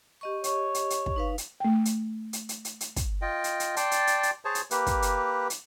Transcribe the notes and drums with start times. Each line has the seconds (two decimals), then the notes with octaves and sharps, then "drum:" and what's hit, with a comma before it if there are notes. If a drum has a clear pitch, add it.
0.21 G4 D#5 C#6
0.44 C#5, drum: hi-hat
0.74 drum: hi-hat
0.90 drum: hi-hat
1.06 drum: kick
1.16 D#4 B4 F5
1.38 drum: hi-hat
1.60 A3 G5
1.85 drum: hi-hat
2.33 drum: hi-hat
2.49 drum: hi-hat
2.65 drum: hi-hat
2.80 drum: hi-hat
2.96 drum: kick, hi-hat
3.22 F4 D#5 G5
3.44 drum: hi-hat
3.60 drum: hi-hat
3.76 D5 G5 A5 C6, drum: hi-hat
3.91 drum: hi-hat
4.07 drum: hi-hat
4.23 drum: hi-hat
4.45 G#4 C5 C#5 A5
4.55 drum: hi-hat
4.71 A#3 G4 B4, drum: hi-hat
4.87 drum: kick, hi-hat
5.02 drum: hi-hat
5.50 drum: hi-hat